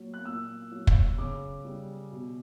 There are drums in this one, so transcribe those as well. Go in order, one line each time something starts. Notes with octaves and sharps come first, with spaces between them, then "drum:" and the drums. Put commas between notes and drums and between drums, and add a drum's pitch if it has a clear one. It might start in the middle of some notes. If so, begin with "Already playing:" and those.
Already playing: A#2 F#3
F#6
A#2 E6
F#3
drum: kick
C#3 D6
G3
B2